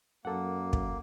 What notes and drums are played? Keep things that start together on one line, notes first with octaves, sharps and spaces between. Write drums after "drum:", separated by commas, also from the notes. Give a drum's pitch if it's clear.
F#2 A#3 A4 F#5
drum: kick